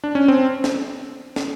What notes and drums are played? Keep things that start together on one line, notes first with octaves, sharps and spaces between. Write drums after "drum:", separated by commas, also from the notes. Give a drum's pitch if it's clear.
D4
C#4
C4
drum: snare
drum: snare